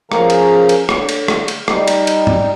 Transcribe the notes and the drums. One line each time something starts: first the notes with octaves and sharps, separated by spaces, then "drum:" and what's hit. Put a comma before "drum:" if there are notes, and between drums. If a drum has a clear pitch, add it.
F3 C#4 G#4 A#4 F5 A#5, drum: rim click
drum: cymbal
drum: cymbal
D3 C#5, drum: rim click
drum: cymbal
drum: rim click
drum: cymbal
G3 D#4, drum: rim click
drum: cymbal
drum: cymbal
drum: tom G#2